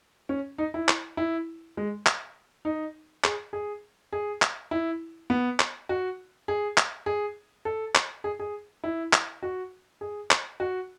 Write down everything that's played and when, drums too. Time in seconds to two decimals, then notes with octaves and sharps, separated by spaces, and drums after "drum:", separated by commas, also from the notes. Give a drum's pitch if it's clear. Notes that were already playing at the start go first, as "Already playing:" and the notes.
0.29 C#4
0.58 D#4
0.74 E4
0.88 drum: clap
1.17 E4
1.77 G#3
2.06 drum: clap
2.65 D#4
3.24 G#4, drum: clap
3.53 G#4
4.13 G#4
4.42 drum: clap
4.71 E4
5.30 B3
5.60 drum: clap
5.89 F#4
6.48 G#4
6.77 drum: clap
7.06 G#4
7.65 A4
7.95 drum: clap
8.24 G#4
8.39 G#4
8.84 E4
9.13 drum: clap
9.43 F#4
10.01 G#4
10.31 drum: clap
10.60 F#4